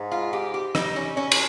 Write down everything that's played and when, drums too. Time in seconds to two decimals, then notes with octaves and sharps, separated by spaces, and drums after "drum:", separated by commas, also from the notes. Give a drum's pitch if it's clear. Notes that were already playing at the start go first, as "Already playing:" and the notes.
Already playing: G#2
0.11 F4
0.33 G4
0.54 G4
0.75 D#4, drum: rim click
0.96 C#4
1.17 C#4
1.32 drum: cymbal